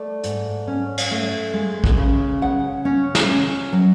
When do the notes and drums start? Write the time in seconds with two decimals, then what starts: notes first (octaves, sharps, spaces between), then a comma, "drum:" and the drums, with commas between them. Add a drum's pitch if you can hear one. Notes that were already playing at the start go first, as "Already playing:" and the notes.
Already playing: A3 D5
0.24 G#2, drum: hi-hat
0.68 C#4
0.98 drum: cymbal
1.11 A3
1.54 G#3
1.84 drum: kick
1.97 C#3
2.42 C#3 F#5
2.85 C#4
3.15 drum: snare
3.28 C#4
3.73 F#3